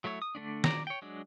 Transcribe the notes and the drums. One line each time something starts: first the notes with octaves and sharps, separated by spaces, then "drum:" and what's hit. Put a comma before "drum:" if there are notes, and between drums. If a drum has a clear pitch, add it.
F#3 A3 E4 C#5
D#6
D3 A3 C#4 D4
D5 A#5, drum: snare D#3
C#5 G5
F#3 G#3 D4